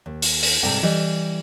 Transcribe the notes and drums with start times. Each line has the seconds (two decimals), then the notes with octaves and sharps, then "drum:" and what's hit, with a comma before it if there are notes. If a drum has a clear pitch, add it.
0.06 D#2
0.22 drum: open hi-hat
0.43 drum: open hi-hat
0.63 G#2 C3 G3 A4 G5
0.83 E3 G3 D#5